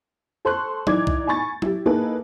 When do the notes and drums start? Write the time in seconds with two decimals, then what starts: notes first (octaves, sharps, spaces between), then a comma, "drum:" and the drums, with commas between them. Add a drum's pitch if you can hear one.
0.45 A4 C5 C6 C#6 F#6
0.87 E3 D#4 D5 D6 G#6, drum: tom F#3
1.07 drum: kick
1.27 G#5 B5 C#6 A6
1.62 E4 G4, drum: tom F#3
1.86 A#3 D#4 E4 G#4 A4 B4